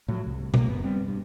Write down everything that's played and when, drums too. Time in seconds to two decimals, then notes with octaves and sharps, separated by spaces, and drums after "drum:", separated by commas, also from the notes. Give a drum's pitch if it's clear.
0.08 A2 F3 F#3
0.27 C2
0.54 B1 A#3, drum: tom B2
0.68 F#1 F#2 B3
0.84 G3 B3 C4
1.08 G2